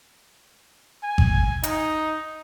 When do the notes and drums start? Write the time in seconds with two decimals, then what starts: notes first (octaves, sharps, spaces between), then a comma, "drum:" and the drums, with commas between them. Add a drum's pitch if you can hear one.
1.04 G#5
1.18 drum: kick G#1
1.63 D#4, drum: hi-hat